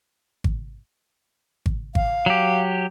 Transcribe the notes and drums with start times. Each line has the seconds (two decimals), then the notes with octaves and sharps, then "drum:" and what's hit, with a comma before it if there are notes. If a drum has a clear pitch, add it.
0.44 drum: kick G#1
1.66 drum: kick G#1
1.95 F5, drum: kick G#1
2.26 F#3 G4